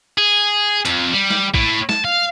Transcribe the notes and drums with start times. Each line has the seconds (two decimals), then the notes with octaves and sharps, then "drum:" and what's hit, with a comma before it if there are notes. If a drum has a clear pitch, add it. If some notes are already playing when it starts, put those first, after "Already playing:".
0.18 G#4
0.85 F2, drum: hi-hat
1.13 G3
1.30 drum: snare
1.54 A2, drum: kick A1
1.89 A5, drum: snare
2.05 F5